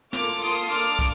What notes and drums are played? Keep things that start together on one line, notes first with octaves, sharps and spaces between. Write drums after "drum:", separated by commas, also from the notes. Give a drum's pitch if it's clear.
A#3 F4 A4 D6 F6, drum: snare
A#3 F4 A4 C6 D#6, drum: tambourine
A#3 D4 A4 D6 F6
drum: kick, tambourine